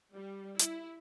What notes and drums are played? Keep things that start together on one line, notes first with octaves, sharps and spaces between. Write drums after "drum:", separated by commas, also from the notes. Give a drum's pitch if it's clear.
G3
E4, drum: hi-hat